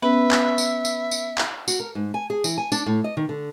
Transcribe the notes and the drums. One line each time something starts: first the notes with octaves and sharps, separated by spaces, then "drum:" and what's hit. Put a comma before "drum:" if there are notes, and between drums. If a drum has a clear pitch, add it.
B3 C#4 B4 E5
drum: clap
drum: tambourine
drum: tambourine
drum: tambourine
drum: clap
F#4, drum: tambourine
A#4
G#2
G#5
G#4
E3, drum: tambourine
G#5
D4, drum: tambourine
A2
D#5
D#3
D3